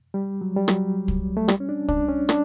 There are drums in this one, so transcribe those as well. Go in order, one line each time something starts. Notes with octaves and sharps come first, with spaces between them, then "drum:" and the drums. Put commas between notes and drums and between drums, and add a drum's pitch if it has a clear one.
G3
F#3
G3
F#3, drum: rim click
drum: kick
A3
G3, drum: rim click
C#4
D4
D4, drum: kick
C#4
D4, drum: rim click